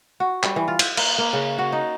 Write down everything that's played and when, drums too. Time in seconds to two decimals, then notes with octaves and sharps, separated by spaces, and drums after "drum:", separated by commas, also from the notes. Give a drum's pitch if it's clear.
0.20 F#4
0.43 G3, drum: clap
0.56 E3
0.68 F4
0.79 E5, drum: cymbal
0.97 A#3, drum: cymbal
1.18 A#3
1.33 C#3
1.58 F#4
1.72 D#4